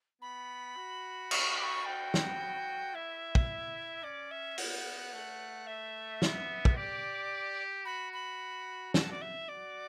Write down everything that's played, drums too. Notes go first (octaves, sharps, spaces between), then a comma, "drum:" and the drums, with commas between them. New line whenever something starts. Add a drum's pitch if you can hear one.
B3 B5
F#4
C#6, drum: cymbal
D6
C#6
F#4 G5
drum: snare
E4 E5
drum: kick
C#4 D5
E5
B3 F#5, drum: open hi-hat
A3
E5
B3, drum: snare
drum: kick
G4 D5
F#4 B5
B5
A5, drum: snare
D5
E5
F#4 D5